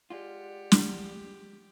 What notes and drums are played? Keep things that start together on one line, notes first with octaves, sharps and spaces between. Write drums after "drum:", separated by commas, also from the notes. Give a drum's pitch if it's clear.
G#3 F4 G4 D5 F#5
drum: snare